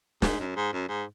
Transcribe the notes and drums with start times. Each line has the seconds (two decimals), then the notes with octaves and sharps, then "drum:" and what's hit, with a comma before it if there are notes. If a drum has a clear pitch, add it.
0.22 G#2, drum: snare
0.40 F#2
0.56 G#2
0.73 F#2
0.89 G#2